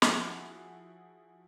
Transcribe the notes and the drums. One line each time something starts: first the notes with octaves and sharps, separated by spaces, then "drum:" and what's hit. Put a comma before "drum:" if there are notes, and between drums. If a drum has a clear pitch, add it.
F3 E4 F#4 G#4, drum: snare